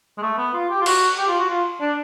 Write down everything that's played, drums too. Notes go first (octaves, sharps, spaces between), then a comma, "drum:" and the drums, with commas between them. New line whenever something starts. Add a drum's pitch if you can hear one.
G#3
A3
B3
F4
G4
F4
F#4, drum: cymbal
G4
F4
F#4
F4
D4